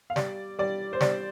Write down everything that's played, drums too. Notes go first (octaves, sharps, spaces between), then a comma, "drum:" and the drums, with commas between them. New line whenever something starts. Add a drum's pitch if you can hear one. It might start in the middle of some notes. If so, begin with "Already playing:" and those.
F5
G3 D5, drum: snare
G3 D5
C5
G3 D5, drum: snare